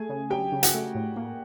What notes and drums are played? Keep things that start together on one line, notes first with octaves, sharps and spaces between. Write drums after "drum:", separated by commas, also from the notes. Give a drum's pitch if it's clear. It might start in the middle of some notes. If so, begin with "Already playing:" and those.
Already playing: A3 G#4 G#5
C#3
F#3 G4 G5
C#3
F#4 F#5, drum: hi-hat
A3
A2
A#3